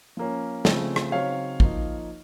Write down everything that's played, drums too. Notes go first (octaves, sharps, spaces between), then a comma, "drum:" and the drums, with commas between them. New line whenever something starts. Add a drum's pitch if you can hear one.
F3 A#3 C#4
C#3 F3 A3 C4, drum: snare
drum: rim click
C#3 F#3 C4 D#4 C#5 F5
F3 A#3 D#4, drum: kick